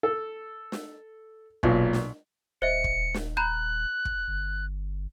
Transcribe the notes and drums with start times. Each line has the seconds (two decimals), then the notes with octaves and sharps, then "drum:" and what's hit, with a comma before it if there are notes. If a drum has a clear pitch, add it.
0.03 A4
0.72 drum: snare
1.63 B1 A#2, drum: kick
1.93 drum: snare
2.62 D#1 C5 D#5 E5 C#7
2.84 drum: kick
3.14 drum: snare
3.37 A#5 B5 F#6 G6
4.05 drum: kick
4.28 G1